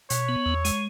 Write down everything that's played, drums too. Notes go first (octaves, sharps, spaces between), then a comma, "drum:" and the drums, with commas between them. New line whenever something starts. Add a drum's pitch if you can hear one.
B2 C#5, drum: hi-hat
B3
E2
G#3, drum: hi-hat